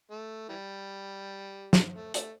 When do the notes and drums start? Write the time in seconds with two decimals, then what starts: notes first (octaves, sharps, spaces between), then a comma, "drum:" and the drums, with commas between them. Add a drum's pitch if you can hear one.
0.11 A3
0.49 E3 G3
1.73 drum: snare
1.95 A3
2.14 A3, drum: hi-hat